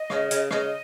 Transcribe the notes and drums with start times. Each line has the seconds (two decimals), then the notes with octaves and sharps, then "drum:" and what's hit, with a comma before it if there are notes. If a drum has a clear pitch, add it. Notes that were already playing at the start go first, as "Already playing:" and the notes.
Already playing: D#5
0.10 C#3, drum: rim click
0.31 C#3, drum: hi-hat
0.51 C#3 D#5, drum: rim click